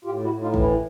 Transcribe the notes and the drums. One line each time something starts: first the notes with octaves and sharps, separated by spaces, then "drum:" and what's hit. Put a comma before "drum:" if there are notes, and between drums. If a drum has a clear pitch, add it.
A2 F4 G4
E4 F#4
A2
D#4 F4
E3, drum: kick
D4 E4